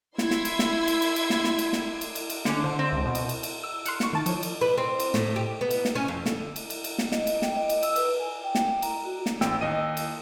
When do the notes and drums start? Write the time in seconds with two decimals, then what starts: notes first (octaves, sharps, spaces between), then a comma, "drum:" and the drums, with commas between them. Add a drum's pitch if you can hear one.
0.18 E4 C6 E6 G#6, drum: snare
0.31 drum: snare
0.45 drum: cymbal
0.59 drum: snare
0.88 drum: cymbal
1.02 drum: cymbal
1.16 drum: cymbal
1.30 drum: snare
1.44 drum: snare
1.59 drum: cymbal
1.73 drum: snare
2.01 drum: cymbal
2.15 drum: cymbal
2.30 drum: cymbal
2.45 D3 C#4, drum: snare
2.64 D3 C5
2.79 C4
2.93 C#2
3.06 B2
3.15 drum: cymbal
3.29 drum: cymbal
3.43 drum: cymbal
3.64 E6
3.86 C6 F6 F#6 C#7, drum: cymbal
4.00 C#6 C#7, drum: snare
4.13 D#3 A5 A6
4.26 F3 C#5, drum: cymbal
4.43 drum: cymbal
4.61 B4
4.78 C4
5.00 drum: cymbal
5.14 A2, drum: snare
5.36 G4
5.61 B3
5.71 drum: cymbal
5.85 drum: snare
5.95 C#4
6.08 F2
6.26 D3, drum: snare
6.56 drum: cymbal
6.70 drum: cymbal
6.84 drum: cymbal
6.98 drum: snare
7.12 D#5, drum: snare
7.27 drum: cymbal
7.42 G5, drum: snare
7.56 D#5
7.69 drum: cymbal
7.83 E6, drum: cymbal
7.96 B4, drum: cymbal
8.20 G#5
8.44 G5
8.55 drum: snare
8.82 A#5, drum: cymbal
9.05 F#4
9.26 drum: snare
9.41 A1 G5 E6, drum: snare
9.61 D#2 D#5 D#7
9.97 drum: cymbal